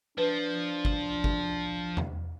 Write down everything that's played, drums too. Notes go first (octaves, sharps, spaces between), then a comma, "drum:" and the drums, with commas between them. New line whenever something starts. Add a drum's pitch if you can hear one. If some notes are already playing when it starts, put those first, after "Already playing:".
F3 D4 B4
drum: kick G1
drum: kick G1
drum: tom E2